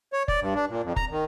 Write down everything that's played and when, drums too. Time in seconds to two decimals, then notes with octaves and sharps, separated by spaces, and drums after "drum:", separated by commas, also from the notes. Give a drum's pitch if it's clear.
0.13 C#5
0.28 D5, drum: kick F1
0.40 G2
0.55 D4
0.70 A#2
0.84 F2
0.96 A#5, drum: kick F1
1.11 D#3